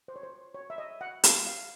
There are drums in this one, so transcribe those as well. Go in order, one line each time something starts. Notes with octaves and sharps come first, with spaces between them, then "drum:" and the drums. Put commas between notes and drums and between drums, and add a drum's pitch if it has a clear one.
C5
C#5
C5
C#5
E5
D#5
F#5
F5, drum: hi-hat
F5